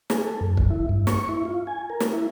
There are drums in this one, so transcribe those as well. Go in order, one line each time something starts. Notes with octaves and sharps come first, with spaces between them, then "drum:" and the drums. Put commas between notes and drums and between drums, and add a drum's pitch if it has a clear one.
G#4, drum: snare
A4
F#2
drum: kick
E4
G2
C#6, drum: snare
E4
F4
G#5
A#4
drum: snare
E4